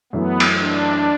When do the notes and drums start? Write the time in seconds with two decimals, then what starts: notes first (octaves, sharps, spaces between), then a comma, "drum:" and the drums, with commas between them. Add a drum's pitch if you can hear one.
0.13 F#2 E3 A3 B3
0.40 drum: cymbal
0.59 D4